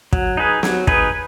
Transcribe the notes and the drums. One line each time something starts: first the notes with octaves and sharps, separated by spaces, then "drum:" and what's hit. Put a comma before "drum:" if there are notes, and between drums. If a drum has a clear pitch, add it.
F#3, drum: kick
D#4 G#4 B4
F#3, drum: snare
D#4 G#4 B4, drum: kick